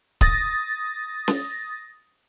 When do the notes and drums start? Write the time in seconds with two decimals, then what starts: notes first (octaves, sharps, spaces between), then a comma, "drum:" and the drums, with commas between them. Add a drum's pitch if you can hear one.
0.21 D#6 A6 A#6, drum: kick D1
1.28 drum: snare C#4